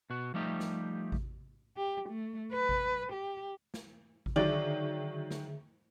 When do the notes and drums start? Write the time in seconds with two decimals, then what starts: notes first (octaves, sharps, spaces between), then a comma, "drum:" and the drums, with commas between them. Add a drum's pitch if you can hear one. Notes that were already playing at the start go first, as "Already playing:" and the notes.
0.10 B2 F#4
0.34 F3 G3 A3 D#4 G4
0.60 drum: snare
1.12 drum: kick A1
1.77 G4
2.09 A3
2.53 B4
2.69 drum: kick A1
3.13 G4
3.74 drum: snare
4.26 drum: kick A1
4.36 D3 D#3 F#3 G#4 D5 E5
5.31 drum: snare